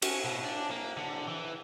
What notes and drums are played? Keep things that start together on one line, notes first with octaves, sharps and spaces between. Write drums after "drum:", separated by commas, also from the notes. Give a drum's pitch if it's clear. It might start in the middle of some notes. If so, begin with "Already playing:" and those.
C#4, drum: cymbal
B2
D4
A#3
D3
E3